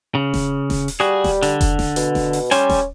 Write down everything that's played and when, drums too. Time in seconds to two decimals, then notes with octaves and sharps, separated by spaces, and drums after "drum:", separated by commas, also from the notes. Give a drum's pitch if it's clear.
0.15 C#3
0.34 drum: snare D#1
0.70 drum: snare D#1
0.88 drum: open hi-hat
1.00 G3 F#4 G#4
1.24 drum: snare D#1
1.43 D3, drum: hi-hat
1.61 drum: kick F1, hi-hat
1.79 drum: snare D#1
1.96 B2, drum: hi-hat
2.15 drum: snare D#1
2.33 drum: open hi-hat
2.51 G3 C#4 C5 G#5, drum: hi-hat
2.69 drum: snare D#1